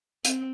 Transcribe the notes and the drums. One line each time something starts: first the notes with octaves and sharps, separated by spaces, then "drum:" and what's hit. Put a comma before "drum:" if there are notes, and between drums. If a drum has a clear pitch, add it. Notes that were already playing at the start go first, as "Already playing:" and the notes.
C4, drum: hi-hat